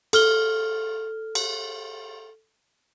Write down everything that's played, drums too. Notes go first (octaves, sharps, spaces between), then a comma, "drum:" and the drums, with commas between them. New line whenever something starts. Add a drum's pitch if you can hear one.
A4 F6 G7, drum: cymbal
drum: cymbal